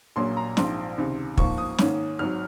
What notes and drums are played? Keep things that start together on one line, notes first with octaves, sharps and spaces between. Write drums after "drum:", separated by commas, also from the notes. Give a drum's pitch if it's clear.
A#1 A#2 F#3 A#3 C#4 C6
A#5
A#1 G#2 F3 C4 C6, drum: snare
C#2 C3 D#3
G#2 F3 A#3 C#6, drum: kick
D#6
G#2 D#3 A#3 C#4, drum: snare
G#1 G#2 F#3 F6